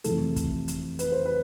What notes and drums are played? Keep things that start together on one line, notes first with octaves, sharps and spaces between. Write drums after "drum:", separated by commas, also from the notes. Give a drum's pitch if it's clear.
F2 C3 E3 A3 A4, drum: hi-hat
drum: kick, hi-hat
drum: hi-hat
B4, drum: hi-hat
C5
B4